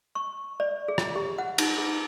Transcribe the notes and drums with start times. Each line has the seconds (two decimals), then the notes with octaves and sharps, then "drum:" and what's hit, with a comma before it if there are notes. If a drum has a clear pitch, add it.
0.15 C#6
0.60 D5
0.88 G#4
0.98 drum: rim click
1.15 G4
1.38 F#5
1.58 D#4, drum: cymbal
1.78 G#4